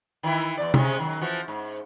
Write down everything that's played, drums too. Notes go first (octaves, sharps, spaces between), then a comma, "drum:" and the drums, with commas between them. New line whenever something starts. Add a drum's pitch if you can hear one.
D#3 E3 E4
E2 D5
C3 G#3 C#4, drum: tom C3
D#3 F#3
E3 F3 F#4
G#2